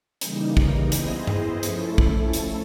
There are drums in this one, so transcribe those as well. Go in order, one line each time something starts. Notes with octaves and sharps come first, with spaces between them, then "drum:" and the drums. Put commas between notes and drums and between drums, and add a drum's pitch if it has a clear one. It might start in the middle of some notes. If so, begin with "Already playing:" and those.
C#3 E3 G3 A#3 D#4, drum: hi-hat
drum: kick
B3 E4 G#4 C5 D#5, drum: hi-hat
drum: tom G2
F3 A3 C#4 E4 A4, drum: hi-hat
drum: kick
drum: hi-hat